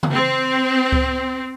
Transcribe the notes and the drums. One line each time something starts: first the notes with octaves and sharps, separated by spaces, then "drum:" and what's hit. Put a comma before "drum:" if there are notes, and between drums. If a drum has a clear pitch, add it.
drum: tom C#3
C4
drum: kick C#2